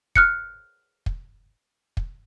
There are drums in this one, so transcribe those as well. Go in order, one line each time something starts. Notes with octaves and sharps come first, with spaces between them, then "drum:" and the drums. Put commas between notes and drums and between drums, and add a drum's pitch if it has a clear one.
F6 F#6 C#7, drum: kick
drum: kick
drum: kick